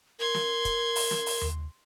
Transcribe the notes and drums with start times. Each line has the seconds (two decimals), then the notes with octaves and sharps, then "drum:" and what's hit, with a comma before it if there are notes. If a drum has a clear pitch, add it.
0.19 A#4 C6 G#6
0.34 drum: snare
0.65 drum: kick, hi-hat
0.96 drum: open hi-hat
1.11 drum: snare
1.26 drum: open hi-hat
1.41 drum: tom D#2